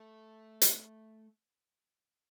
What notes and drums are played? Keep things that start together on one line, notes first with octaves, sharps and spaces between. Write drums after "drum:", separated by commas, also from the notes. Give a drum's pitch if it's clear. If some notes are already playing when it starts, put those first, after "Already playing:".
Already playing: A3
drum: hi-hat